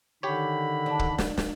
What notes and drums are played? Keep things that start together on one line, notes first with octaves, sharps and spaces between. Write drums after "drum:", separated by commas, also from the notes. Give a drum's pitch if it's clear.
D3 D#3 G4 C#5 B5
D4
drum: kick
drum: snare
drum: snare